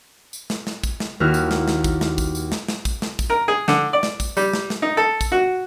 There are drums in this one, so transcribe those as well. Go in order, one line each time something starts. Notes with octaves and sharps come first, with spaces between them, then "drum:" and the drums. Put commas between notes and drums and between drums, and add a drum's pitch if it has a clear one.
drum: tambourine
drum: snare
drum: snare
drum: kick, tambourine
drum: snare
D#2 A#3 E4 F#4 F6
drum: tambourine
drum: snare
drum: snare
drum: kick, tambourine
drum: snare
drum: kick, tambourine
drum: tambourine
drum: snare
drum: snare
drum: kick, tambourine
drum: snare
drum: kick, tambourine
A#4
G#4
D3, drum: snare
D5
drum: snare
drum: kick, tambourine
G3, drum: tambourine
drum: snare
drum: snare
D#4
A4
drum: kick, tambourine
F#4